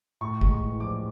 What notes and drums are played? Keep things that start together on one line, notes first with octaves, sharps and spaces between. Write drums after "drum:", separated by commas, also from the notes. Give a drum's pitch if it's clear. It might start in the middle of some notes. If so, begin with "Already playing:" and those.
A2 C#6
G#3, drum: kick
C#6
E3
A#1 D6